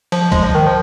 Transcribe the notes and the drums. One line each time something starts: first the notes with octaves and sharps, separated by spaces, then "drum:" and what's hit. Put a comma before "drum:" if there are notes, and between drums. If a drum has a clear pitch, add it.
F3, drum: cymbal
G#3, drum: kick, cymbal
F3
D#3
F3